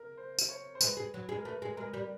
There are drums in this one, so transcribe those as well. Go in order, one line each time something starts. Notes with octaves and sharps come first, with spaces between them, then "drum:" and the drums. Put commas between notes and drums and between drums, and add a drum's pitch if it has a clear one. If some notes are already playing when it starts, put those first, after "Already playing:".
Already playing: A#4
C5
drum: tambourine
C#5
C5
G#3 B4, drum: tambourine
G#3
F#3
G#3
A#4
A3 B4
G#3
G#3 A#4
G3